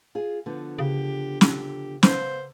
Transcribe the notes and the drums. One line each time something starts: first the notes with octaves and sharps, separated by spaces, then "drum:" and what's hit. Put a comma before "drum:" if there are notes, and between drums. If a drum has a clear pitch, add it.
F4 G#4
D3 F3 B3
C#3 G4
G4, drum: snare
B3 C5 E5 F5, drum: snare